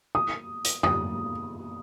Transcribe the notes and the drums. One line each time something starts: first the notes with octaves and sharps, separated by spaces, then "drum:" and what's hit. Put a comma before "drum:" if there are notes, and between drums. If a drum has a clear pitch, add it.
D#6
drum: hi-hat
D#6, drum: tom F2